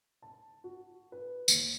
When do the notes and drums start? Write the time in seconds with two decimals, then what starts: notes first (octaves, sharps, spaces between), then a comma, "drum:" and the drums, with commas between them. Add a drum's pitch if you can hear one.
0.22 A5
0.64 F#4
1.12 B4
1.48 D#2, drum: tambourine